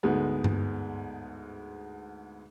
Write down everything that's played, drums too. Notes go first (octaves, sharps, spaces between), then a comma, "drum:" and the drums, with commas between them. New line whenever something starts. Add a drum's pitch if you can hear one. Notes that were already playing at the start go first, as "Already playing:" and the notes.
D2 G#2 G#3 B3
drum: tom G2